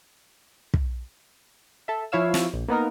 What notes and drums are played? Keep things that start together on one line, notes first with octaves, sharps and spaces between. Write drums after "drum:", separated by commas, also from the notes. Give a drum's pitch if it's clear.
drum: kick
A4 E5
F3 E4 C#5 F5 E6
drum: snare
A#1
A#3 B3 D#4 A#4